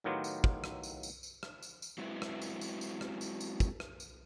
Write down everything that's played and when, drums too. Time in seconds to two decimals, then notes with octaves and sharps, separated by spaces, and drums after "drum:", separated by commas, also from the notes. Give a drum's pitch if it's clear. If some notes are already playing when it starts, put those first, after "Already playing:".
0.04 A2 D#3 F#3 B3 F4 G4
0.24 drum: tambourine
0.44 drum: kick
0.64 drum: rim click
0.83 drum: tambourine
1.03 drum: tambourine
1.23 drum: tambourine
1.43 drum: rim click
1.63 drum: tambourine
1.82 drum: tambourine
1.98 F#3 G#3 C4 E4 B4 E5
2.22 drum: rim click
2.42 drum: tambourine
2.61 drum: tambourine
2.81 drum: tambourine
3.01 drum: rim click
3.21 drum: tambourine
3.41 drum: tambourine
3.60 drum: kick, tambourine
3.80 drum: rim click
4.00 drum: tambourine